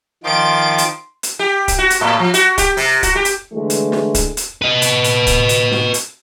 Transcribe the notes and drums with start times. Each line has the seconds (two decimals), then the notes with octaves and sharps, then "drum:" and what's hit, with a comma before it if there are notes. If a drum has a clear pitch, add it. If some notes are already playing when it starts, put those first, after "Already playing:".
0.24 D#3 F3 C6 D6 D7
0.78 drum: hi-hat
1.23 drum: hi-hat
1.39 G4
1.68 drum: kick C#1, hi-hat
1.78 F#4
1.90 drum: hi-hat
2.01 A2
2.19 F3
2.34 F#4, drum: hi-hat
2.58 G4, drum: kick C#1, hi-hat
2.77 C3, drum: open hi-hat
3.03 F#4, drum: kick C#1, hi-hat
3.15 G4
3.25 drum: hi-hat
3.53 D3 E3 G#3 A3
3.70 drum: hi-hat
3.92 drum: snare
4.15 drum: kick C#1, hi-hat
4.37 drum: hi-hat
4.62 B4 D#5
4.82 drum: hi-hat
5.04 drum: hi-hat
5.27 drum: kick C#1, hi-hat
5.49 drum: hi-hat
5.71 drum: snare
5.94 drum: hi-hat